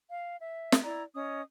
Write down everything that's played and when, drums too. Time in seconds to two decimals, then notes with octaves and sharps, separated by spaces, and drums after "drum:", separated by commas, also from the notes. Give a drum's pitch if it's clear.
0.09 F5
0.41 E5
0.72 drum: snare
0.83 E4 D5 A#5
1.15 C#4 D#5 D#6